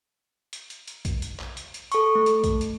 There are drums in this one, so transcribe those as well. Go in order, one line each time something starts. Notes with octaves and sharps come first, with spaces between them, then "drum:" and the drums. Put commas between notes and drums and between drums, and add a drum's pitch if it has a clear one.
drum: hi-hat
drum: hi-hat
drum: hi-hat
drum: kick A#1, hi-hat
drum: hi-hat
drum: clap
drum: hi-hat
drum: hi-hat
A4 C#6, drum: hi-hat
A3
drum: hi-hat
drum: kick A#1, hi-hat
drum: hi-hat